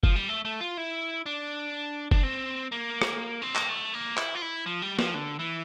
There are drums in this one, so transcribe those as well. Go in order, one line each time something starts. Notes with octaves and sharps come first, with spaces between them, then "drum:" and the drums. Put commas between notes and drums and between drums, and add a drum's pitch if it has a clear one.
F3, drum: kick F#1
G3
A3
A3
F4
E4
D4
D4, drum: kick F#1
C4
A#3
drum: rim click
C4
A#3, drum: clap
A3
A#3
E4, drum: clap
F4
E4
F3
G3
F3, drum: snare
D3
E3